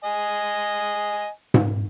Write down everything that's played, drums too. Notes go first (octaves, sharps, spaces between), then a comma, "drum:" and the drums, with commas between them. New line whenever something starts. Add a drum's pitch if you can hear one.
D#5 G#5
drum: tom G#2